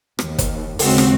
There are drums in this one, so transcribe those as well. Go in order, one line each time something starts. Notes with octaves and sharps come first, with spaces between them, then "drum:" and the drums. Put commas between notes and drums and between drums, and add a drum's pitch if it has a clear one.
D#2, drum: rim click
drum: kick, hi-hat
D#2 C#3 G#3 C4 F#4, drum: open hi-hat
drum: rim click